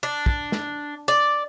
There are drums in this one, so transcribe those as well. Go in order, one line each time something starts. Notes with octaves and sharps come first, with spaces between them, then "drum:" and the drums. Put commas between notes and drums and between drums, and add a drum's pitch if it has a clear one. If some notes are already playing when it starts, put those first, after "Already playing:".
D4
drum: kick
drum: snare
D5